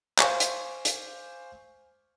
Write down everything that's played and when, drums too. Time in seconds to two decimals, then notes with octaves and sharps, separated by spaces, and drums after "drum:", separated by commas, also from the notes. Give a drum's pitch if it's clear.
0.19 C5 F5 G#5 C#6 D6, drum: clap
0.40 drum: hi-hat
0.85 drum: hi-hat